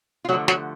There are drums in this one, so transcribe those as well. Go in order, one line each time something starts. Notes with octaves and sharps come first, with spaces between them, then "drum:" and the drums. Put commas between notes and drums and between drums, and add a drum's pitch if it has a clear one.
F4
D3 F3 F#3 A3 F#4
F#3 F#4, drum: snare